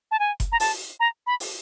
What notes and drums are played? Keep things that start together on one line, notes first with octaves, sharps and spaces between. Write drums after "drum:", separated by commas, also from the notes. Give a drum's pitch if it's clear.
A5
G#5
drum: kick F#1, hi-hat
A#5
A5, drum: open hi-hat
A#5
B5
drum: open hi-hat